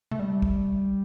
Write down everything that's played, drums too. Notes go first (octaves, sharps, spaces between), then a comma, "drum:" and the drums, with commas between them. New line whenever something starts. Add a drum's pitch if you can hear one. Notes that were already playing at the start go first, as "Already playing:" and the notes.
A3, drum: tom C3
G3
drum: kick